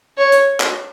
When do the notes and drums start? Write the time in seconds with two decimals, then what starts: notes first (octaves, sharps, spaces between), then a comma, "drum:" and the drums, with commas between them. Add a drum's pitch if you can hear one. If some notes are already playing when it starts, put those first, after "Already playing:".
0.18 C#5
0.32 drum: hi-hat
0.60 drum: clap